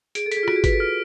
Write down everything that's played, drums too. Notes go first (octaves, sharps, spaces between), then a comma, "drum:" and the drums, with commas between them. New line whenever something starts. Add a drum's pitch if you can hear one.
G#4 D7, drum: hi-hat
A4
B6, drum: hi-hat
G#4
F4
F#4 D7, drum: rim click
G#4
B4 B6, drum: kick, hi-hat
A4
F6